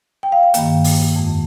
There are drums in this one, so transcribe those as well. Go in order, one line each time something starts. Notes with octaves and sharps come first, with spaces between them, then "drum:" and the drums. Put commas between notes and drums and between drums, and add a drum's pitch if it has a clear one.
G5
F5
G5
G2 D#3 A#3, drum: hi-hat
drum: open hi-hat
F2 D#3 G#3